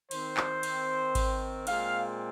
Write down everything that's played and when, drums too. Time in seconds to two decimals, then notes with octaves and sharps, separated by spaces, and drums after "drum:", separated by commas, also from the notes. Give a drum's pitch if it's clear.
0.11 D#3 C4 C5, drum: cymbal
0.37 drum: clap
0.63 drum: cymbal
1.15 drum: kick G#1, cymbal
1.67 A#2 G#3 C4 F5, drum: cymbal